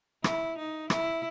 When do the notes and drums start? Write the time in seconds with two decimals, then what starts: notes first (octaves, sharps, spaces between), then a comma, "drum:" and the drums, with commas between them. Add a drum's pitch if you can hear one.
0.24 E4, drum: rim click
0.58 D#4
0.90 E4, drum: rim click